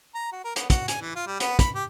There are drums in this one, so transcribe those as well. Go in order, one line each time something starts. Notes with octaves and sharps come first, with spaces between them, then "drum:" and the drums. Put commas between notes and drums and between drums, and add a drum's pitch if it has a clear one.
A#5
F#4
A#4
B3, drum: hi-hat
F#4, drum: kick, hi-hat
G#5, drum: hi-hat
E3
F4
G3
B3, drum: hi-hat
B5, drum: kick, hi-hat
G4